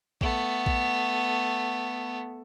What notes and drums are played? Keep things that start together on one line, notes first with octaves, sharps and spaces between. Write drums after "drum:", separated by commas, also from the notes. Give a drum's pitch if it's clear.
A3 B3, drum: kick A#1
drum: kick A#1